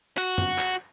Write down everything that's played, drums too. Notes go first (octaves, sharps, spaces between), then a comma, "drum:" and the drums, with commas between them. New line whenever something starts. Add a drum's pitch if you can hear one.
F#4 F#5
drum: tom
drum: clap